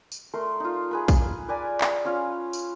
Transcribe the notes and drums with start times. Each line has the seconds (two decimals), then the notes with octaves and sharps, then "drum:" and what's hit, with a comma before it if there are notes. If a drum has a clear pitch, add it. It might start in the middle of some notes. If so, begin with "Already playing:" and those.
0.12 drum: tambourine
0.34 A3 A#4 C6
0.60 D#4 F4
0.91 G#4 B4 B5
1.08 drum: kick A#1, tambourine
1.48 B4 D5 G#5 A#5
1.81 drum: clap
2.05 C#4 F4 F5
2.53 drum: tambourine